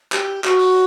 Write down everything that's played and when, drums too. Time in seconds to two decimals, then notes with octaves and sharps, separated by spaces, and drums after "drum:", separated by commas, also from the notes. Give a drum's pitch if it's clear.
0.12 G4, drum: clap
0.44 F#4, drum: clap
0.59 drum: open hi-hat